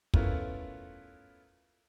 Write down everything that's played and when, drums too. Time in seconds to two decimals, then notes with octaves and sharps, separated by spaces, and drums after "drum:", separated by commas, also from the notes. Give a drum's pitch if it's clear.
0.14 A3 B3 C#4 E4 F4 A#4, drum: kick